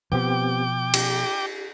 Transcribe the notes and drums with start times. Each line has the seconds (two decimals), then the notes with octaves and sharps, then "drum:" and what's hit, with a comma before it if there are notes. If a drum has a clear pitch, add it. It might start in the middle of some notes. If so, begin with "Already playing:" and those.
0.12 B2 F3 B3 C4 G4 G5 D6
0.94 G4, drum: cymbal